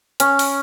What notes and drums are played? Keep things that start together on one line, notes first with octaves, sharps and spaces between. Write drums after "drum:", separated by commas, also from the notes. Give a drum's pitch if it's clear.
C#4, drum: hi-hat
drum: open hi-hat